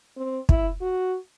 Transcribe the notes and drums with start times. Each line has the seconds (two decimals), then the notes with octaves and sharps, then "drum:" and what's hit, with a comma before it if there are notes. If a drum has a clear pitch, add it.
0.17 C4
0.49 E4, drum: kick
0.81 F#4